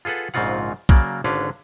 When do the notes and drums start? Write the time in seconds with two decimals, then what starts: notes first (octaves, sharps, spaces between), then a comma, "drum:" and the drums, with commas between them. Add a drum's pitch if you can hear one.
0.05 F4 G#4 A4 B4 F#5
0.34 A#1 G#2 C#3 C4 F4 F#5
0.89 C#3 F#3 A#3 D5, drum: kick A#1
1.24 G#1 D3 C#4 B4 D5 F5